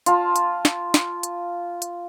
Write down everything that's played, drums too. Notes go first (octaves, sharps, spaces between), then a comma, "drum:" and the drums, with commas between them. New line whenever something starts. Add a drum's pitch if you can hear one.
F4 A5, drum: hi-hat
drum: hi-hat
drum: snare
drum: snare
drum: hi-hat
drum: hi-hat